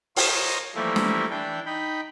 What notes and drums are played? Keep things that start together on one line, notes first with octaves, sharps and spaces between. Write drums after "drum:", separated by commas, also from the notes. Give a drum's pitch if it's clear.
F4 A#4 C5 C#5 D#5, drum: open hi-hat
E3 F3 G3 A3 A#3 E4
drum: snare
E3 D4 G5
D#4 G5 B5